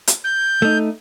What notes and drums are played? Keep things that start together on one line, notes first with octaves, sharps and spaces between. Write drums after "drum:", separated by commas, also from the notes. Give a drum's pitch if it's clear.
drum: hi-hat
G6
A3 D#4